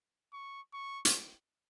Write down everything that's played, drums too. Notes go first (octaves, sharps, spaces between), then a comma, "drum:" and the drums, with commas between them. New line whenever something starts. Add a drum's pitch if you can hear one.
C#6
C#6
drum: hi-hat